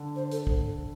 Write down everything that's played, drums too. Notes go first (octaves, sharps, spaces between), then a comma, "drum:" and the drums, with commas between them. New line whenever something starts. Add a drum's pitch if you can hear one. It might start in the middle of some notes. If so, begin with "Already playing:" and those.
Already playing: D3
C5
A4, drum: hi-hat
drum: kick